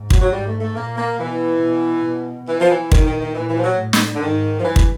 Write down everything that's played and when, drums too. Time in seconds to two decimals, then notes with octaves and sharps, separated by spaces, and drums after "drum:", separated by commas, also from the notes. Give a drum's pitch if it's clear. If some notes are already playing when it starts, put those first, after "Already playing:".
Already playing: G#2
0.10 F#3, drum: kick
0.21 F#3
0.32 G#2 G3
0.47 A3
0.61 A3
0.76 A#2 A#3
0.97 A#3
1.19 B2 E3
1.62 B2
2.05 B2
2.49 E3
2.60 F3
2.71 E3
2.92 A#2 D#3, drum: kick
3.06 D#3
3.21 D#3
3.35 A#2 E3
3.49 E3
3.58 F3
3.64 F#3
3.79 A2
3.93 drum: snare
4.15 D3
4.22 G#2 D#3
4.60 F3
4.65 G2 E3
4.76 drum: kick